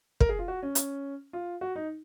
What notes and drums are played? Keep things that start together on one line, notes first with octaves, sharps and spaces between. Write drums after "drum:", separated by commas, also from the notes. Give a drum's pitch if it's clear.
A#4, drum: kick
G#4
F4
F#4
C#4
drum: hi-hat
F4
F#4
D#4